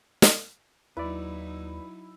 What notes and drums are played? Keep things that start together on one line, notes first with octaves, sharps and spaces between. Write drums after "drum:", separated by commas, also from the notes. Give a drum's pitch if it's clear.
drum: snare
D#2 F#3 D#4 E4 B4 D5